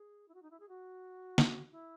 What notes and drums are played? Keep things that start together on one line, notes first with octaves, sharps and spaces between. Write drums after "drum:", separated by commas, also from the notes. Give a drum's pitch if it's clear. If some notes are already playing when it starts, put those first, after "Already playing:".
Already playing: G#4
E4
F#4
D#4
E4
G#4
F#4
drum: snare
E4